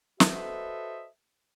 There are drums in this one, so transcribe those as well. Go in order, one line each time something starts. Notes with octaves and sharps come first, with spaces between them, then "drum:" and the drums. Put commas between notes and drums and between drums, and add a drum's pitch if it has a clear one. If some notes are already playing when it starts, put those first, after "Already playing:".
F#4 A4 B4 C5 D#5 E5, drum: snare